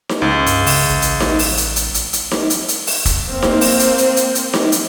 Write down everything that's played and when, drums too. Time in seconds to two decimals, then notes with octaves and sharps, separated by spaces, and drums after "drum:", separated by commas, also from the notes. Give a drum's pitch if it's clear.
0.09 drum: snare D#4
0.22 C#2
0.46 G2, drum: hi-hat
0.66 C#3, drum: open hi-hat
0.90 A1
1.02 drum: hi-hat
1.20 drum: snare D#4
1.39 drum: open hi-hat
1.57 drum: hi-hat
1.76 drum: hi-hat
1.94 drum: hi-hat
2.13 drum: hi-hat
2.31 drum: snare D#4
2.50 drum: hi-hat
2.68 drum: hi-hat
2.87 drum: open hi-hat
3.05 drum: kick, hi-hat
3.28 A#3 C4 C5
3.42 drum: snare D#4
3.61 drum: open hi-hat
3.79 drum: hi-hat
3.98 drum: hi-hat
4.16 drum: hi-hat
4.35 drum: hi-hat
4.53 drum: snare D#4
4.72 drum: hi-hat